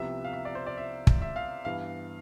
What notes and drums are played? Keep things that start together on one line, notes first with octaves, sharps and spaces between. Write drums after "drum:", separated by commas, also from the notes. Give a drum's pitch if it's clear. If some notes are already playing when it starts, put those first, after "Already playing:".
Already playing: C2 C3 F3 B3 E5
F5
E5
D5
C5
D5
E5
drum: kick
E5
F5
G2 E3 B3 F5